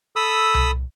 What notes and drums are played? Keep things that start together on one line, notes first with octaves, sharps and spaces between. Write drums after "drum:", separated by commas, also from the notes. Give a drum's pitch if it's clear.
A4 B5 D#6 E6
drum: tom C2